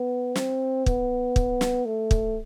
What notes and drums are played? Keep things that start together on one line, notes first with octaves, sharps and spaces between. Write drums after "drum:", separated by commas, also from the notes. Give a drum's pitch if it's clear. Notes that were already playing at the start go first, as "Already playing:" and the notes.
Already playing: B3
C4, drum: snare
B3, drum: kick
drum: kick
drum: snare
A3
drum: kick